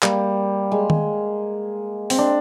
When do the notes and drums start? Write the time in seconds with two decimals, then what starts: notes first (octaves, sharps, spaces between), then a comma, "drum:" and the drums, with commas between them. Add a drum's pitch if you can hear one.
0.02 G3 A#3, drum: clap
0.72 G#3
0.90 drum: tom D#3
2.10 C4, drum: open hi-hat
2.18 D4